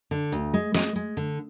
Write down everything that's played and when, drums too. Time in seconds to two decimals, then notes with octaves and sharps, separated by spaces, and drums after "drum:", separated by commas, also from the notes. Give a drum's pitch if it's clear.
0.11 D3
0.32 D2, drum: hi-hat
0.54 G#3
0.75 G#3, drum: snare
0.96 G#3, drum: hi-hat
1.17 D3, drum: hi-hat